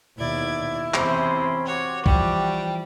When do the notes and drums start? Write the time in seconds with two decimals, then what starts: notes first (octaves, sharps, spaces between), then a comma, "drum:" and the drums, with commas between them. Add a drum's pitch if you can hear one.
0.19 D#2 B2 E4 D5 G#6
0.94 E2 C3 C4 C#4 B5 C6, drum: clap
1.67 F#4 G4 C#5 F#5
2.06 E3 F3 G3 G5, drum: kick